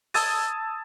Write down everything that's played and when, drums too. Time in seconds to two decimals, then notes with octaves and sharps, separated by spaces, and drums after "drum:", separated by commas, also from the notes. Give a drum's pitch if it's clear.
0.14 A5 D#6 E6 G#6 A6 D#7, drum: open hi-hat